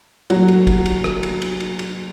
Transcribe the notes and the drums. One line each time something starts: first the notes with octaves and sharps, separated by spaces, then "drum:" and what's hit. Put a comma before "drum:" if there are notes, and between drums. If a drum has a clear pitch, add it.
F#3, drum: cymbal
drum: cymbal
drum: kick, cymbal
drum: cymbal
drum: rim click
drum: cymbal
drum: cymbal
drum: cymbal
drum: cymbal